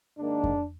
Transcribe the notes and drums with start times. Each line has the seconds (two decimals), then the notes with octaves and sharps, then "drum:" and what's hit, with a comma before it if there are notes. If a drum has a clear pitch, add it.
0.19 G#2 D#3 A#3 D4
0.44 drum: kick F2